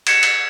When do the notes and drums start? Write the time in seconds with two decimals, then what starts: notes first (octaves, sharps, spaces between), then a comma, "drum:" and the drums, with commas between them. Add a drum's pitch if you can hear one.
0.07 G#6 C#7 E7, drum: cymbal
0.23 drum: cymbal